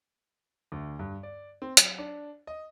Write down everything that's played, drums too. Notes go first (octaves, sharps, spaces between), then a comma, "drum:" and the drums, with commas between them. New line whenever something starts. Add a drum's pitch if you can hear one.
D2
G2
D5
C4
F#3, drum: hi-hat
D4
D#5